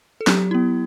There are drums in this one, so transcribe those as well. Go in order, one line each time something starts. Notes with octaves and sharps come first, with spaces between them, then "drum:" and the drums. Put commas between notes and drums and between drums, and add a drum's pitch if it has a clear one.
A4
F#3 G4, drum: snare
B3 E4